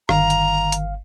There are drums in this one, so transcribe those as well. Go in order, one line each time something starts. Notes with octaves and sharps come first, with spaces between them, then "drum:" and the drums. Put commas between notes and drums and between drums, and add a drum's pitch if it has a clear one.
G1 D#3 F5 A#5, drum: rim click
drum: hi-hat
drum: hi-hat